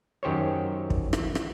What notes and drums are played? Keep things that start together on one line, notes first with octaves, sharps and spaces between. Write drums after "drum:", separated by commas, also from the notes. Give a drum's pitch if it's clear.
F#2 D#3 G4 C5 C#5
drum: kick
drum: rim click
drum: rim click